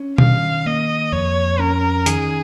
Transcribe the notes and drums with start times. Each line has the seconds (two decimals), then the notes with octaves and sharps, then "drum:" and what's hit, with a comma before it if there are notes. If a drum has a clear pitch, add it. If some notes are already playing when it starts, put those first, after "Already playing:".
Already playing: C#4
0.18 D#3 F5, drum: tom B2
0.66 A#3 D#5
1.12 F2 C#5
1.59 C#4 A#4
2.06 D#3 G#4, drum: hi-hat